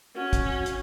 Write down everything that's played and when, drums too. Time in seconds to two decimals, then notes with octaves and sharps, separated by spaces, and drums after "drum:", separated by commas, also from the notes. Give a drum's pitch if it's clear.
0.16 C#4 F#4
0.33 drum: kick, hi-hat
0.66 drum: hi-hat